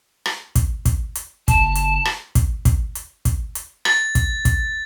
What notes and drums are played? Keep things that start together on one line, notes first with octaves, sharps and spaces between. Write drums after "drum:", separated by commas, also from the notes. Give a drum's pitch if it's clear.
drum: rim click
drum: kick, hi-hat
drum: kick, hi-hat
drum: hi-hat
F#1 A5, drum: kick, hi-hat
drum: hi-hat
drum: rim click
drum: kick, hi-hat
drum: kick, hi-hat
drum: hi-hat
drum: kick, hi-hat
drum: hi-hat
A6, drum: rim click
drum: kick, hi-hat
drum: kick, hi-hat